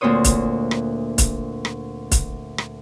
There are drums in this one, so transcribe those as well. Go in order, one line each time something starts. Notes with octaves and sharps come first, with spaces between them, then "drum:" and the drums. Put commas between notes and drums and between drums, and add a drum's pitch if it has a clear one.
D2 A#2 C4 C5 C#5 D#6
drum: kick, hi-hat
drum: rim click
drum: kick, hi-hat
drum: rim click
drum: kick, hi-hat
drum: rim click